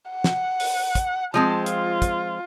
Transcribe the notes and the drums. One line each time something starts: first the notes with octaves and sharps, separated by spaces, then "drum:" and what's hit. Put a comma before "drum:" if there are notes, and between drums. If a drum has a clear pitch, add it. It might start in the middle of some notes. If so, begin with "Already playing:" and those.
F#5
drum: snare
drum: open hi-hat
drum: kick, hi-hat
F3 G#3 C4 A5
F4, drum: hi-hat
drum: kick, hi-hat